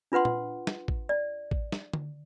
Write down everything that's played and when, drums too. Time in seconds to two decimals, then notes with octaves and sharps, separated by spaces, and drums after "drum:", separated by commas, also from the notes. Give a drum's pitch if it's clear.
0.12 D4 F4 B4 F#5 C6
0.25 drum: tom A#2
0.67 drum: snare
0.88 drum: kick A1
1.09 D5
1.51 drum: kick A1
1.72 drum: snare
1.93 drum: tom D3